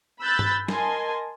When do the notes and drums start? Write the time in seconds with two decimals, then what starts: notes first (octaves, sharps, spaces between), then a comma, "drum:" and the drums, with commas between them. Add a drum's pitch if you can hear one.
0.20 B5 E6 F#6 G6 A6
0.39 drum: tom G2
0.68 A#4 D#5 G#5 A5 C6, drum: snare